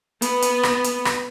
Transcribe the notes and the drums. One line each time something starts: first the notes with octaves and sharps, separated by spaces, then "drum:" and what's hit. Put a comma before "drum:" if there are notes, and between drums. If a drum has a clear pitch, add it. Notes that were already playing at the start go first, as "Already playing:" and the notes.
B3, drum: hi-hat
drum: hi-hat
drum: rim click
drum: hi-hat
drum: rim click